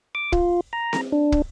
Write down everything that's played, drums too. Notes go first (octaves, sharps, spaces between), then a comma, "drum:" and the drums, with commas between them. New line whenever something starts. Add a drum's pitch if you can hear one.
D6
F4, drum: kick
A#5
drum: snare C4
D4
drum: kick